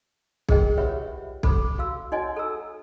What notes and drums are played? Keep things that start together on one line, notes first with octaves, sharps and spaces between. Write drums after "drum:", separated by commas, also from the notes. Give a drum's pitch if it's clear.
G#4 A#4 C5 D#5 G5, drum: kick
F4 G4 B4 C#5 E5 F#5
A4 C5 B5 D6, drum: kick
F#4 F5 E6
D#4 F#4 C#5 D#5 F#5 G#5
A4 A#5 E6